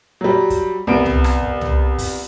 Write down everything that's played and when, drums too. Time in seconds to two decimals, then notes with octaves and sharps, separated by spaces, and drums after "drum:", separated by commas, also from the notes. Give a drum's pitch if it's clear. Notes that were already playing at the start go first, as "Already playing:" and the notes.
0.21 F#3 G3
0.50 drum: kick, hi-hat
0.87 C2 B3 D7
1.06 drum: tom
1.24 drum: rim click
1.43 drum: kick
1.61 drum: tom
1.98 drum: kick, open hi-hat